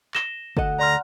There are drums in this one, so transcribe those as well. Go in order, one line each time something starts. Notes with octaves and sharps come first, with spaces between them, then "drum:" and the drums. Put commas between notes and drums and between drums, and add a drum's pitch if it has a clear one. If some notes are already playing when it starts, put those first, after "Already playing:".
A#6 E7 G7, drum: clap
D2 A4 D#5 F#5 F#6, drum: kick
D5 A#5 C6 F6